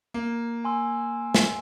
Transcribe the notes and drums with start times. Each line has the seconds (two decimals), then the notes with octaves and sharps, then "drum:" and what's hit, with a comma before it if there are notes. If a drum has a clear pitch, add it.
0.14 A#3
0.65 G#5 C6 E6
1.34 drum: snare